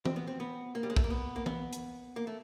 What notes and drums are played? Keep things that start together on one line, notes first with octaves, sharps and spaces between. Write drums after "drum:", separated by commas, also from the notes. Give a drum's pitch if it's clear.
C4, drum: tom E3
B3
C4
B3
A#3
G3
G#3
A3, drum: kick
A#3
B3
A#3
B3, drum: tom E3
drum: hi-hat
A#3
A3